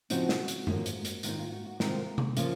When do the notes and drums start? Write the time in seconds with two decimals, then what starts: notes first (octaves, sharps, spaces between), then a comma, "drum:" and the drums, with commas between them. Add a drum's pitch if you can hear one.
0.10 C#3 F3 C4 D#4 F#4, drum: hi-hat
0.29 drum: snare
0.48 drum: hi-hat
0.67 G#2 F3 A#3 C#4, drum: tom F#2
0.86 drum: hi-hat
1.05 drum: hi-hat
1.23 G#2 D#3 A#3 D#4 F4, drum: hi-hat
1.38 F4
1.52 F#4
1.66 F#4
1.80 C3 D#3 G#3 C4 F4 A#4, drum: snare
2.18 drum: tom C3
2.37 C#3 F3 A#3 F4 F5, drum: hi-hat